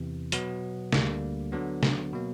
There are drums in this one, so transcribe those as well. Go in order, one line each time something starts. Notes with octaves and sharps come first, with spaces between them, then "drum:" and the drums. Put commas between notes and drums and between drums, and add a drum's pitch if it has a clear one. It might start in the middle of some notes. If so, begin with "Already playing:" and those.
Already playing: E2 C3 E3
B2 F#3 B3, drum: hi-hat
D2 D3 G3 A#3, drum: snare
D3 F#3 B3
drum: snare
B2 F#3 A#3